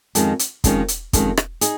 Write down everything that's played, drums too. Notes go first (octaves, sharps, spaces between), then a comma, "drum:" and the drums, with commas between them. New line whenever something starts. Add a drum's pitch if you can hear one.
F2 D#3 G#3 C#4, drum: hi-hat
drum: hi-hat
F2 D#3 G#3 C#4, drum: kick, hi-hat
drum: hi-hat
F2 D#3 G#3 C#4, drum: kick, hi-hat
drum: rim click
D#4 G#4, drum: hi-hat